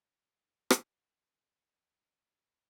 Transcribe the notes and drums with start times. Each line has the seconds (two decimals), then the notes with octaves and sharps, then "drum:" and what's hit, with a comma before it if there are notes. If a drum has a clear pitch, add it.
0.12 A#4 G5
0.70 drum: rim click